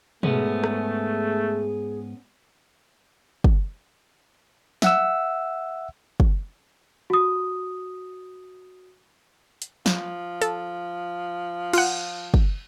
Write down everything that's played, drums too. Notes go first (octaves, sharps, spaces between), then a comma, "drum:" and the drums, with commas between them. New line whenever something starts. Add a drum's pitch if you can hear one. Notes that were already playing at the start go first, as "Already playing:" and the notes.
G#2 A3 B3 C#4 G#4, drum: tom B2
drum: rim click
drum: kick
E5 F#5 E6, drum: snare
drum: kick
F#4 D#6
drum: hi-hat
F3, drum: snare
A4, drum: hi-hat
F4 F#5, drum: cymbal
drum: kick